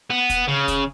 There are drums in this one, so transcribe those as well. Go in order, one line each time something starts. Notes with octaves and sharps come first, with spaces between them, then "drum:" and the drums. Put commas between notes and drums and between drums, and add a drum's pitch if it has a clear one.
B3
drum: kick, hi-hat
C#3
drum: kick, hi-hat